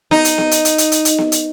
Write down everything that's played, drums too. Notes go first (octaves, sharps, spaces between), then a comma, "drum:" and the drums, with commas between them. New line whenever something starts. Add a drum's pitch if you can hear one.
D#4, drum: snare B3
drum: hi-hat
drum: snare B3
drum: hi-hat
drum: hi-hat
drum: hi-hat
drum: hi-hat
drum: hi-hat
drum: snare B3
drum: hi-hat